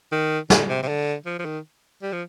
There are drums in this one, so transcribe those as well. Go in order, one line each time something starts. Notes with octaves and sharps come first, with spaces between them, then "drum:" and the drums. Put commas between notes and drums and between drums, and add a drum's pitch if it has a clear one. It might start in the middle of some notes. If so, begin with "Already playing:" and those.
D#3
D3, drum: snare
C3
C3
D3
F3
F3
D#3
G3
F3